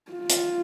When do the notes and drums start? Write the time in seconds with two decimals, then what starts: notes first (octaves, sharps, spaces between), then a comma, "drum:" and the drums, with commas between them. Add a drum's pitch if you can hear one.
0.11 F4
0.29 drum: hi-hat